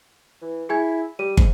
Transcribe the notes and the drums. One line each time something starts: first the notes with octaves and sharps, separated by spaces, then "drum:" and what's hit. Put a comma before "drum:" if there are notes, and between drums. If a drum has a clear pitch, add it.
E3
E4 G#4 G#5 G#6
G3 D#7
G#2, drum: kick